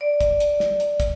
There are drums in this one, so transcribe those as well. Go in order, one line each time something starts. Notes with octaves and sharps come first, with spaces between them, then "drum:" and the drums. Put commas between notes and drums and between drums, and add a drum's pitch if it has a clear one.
D5
drum: kick, hi-hat
drum: hi-hat
drum: snare
drum: hi-hat
drum: kick, hi-hat